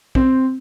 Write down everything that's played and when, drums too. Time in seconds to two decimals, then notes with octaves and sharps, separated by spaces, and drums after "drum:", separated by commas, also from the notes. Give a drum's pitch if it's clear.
0.15 C4, drum: kick